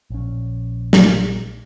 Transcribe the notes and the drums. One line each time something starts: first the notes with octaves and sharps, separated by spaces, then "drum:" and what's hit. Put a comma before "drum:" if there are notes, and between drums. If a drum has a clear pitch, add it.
A#1 C#4
drum: snare